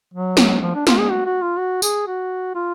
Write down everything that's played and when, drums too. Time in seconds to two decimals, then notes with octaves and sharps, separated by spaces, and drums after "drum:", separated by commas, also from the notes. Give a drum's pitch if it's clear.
0.14 F#3
0.37 drum: snare
0.62 F3
0.74 D4
0.87 F4, drum: snare
0.99 G#4
1.10 F#4
1.26 F#4
1.42 F4
1.58 F#4
1.82 G#4, drum: tambourine
2.07 F#4
2.55 F4